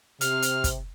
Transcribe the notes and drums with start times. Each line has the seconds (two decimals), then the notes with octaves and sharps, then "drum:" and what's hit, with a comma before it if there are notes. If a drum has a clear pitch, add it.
0.21 C3 F6, drum: hi-hat
0.42 drum: hi-hat
0.64 drum: kick, hi-hat